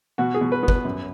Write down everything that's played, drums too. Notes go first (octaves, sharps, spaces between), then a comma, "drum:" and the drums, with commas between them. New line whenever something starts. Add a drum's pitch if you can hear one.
B2 F#4
G#4
B2
B4
B3
B4, drum: kick
F#2